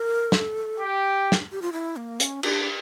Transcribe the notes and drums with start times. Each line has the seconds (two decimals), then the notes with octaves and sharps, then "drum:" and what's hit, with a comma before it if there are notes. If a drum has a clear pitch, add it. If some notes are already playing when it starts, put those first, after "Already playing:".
Already playing: A#4
0.32 A4, drum: snare
0.79 G4
1.32 drum: snare
1.52 G4
1.62 F4
1.73 E4
1.96 A#3
2.20 C#4, drum: hi-hat
2.43 D4, drum: cymbal